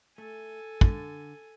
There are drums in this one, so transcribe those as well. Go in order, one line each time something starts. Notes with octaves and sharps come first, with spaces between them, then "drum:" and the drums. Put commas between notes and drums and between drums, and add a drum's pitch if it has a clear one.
A3 A4 G#5
D3, drum: kick